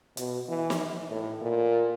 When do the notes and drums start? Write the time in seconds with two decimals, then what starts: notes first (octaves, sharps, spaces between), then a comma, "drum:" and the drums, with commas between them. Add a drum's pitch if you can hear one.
0.17 B2, drum: hi-hat
0.49 E3
0.70 drum: snare
1.11 A2
1.42 A#2